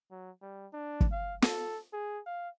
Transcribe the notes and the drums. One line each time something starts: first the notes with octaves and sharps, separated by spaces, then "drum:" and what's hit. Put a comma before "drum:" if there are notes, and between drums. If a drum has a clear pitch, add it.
F#3
G3
D4
drum: kick
F5
A4, drum: snare
G#4
F5